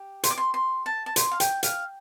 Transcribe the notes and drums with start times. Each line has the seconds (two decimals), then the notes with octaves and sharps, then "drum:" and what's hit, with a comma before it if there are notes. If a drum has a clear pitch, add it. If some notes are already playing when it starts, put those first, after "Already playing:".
Already playing: G4
0.24 C6, drum: hi-hat
0.31 D6
0.38 C6
0.54 C6
0.86 A5
1.06 A5
1.16 C6, drum: hi-hat
1.31 F5
1.40 G5, drum: hi-hat
1.63 F5, drum: hi-hat